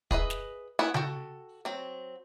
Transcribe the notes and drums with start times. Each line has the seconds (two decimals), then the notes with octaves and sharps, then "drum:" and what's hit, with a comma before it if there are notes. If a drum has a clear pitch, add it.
0.11 G#4 B4 D#5 E5, drum: kick
0.30 drum: snare
0.79 B3 E4 E5 F#5 G#5
0.94 F#4 A4 G5, drum: tom C#3
1.65 F#3 C4